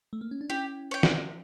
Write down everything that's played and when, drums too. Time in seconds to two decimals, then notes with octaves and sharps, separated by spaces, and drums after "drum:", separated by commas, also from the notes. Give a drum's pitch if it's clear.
0.13 A3
0.21 A#3
0.31 C#4
0.41 D4
0.50 C#4 E4 G4
0.91 C#5 G5
1.03 drum: snare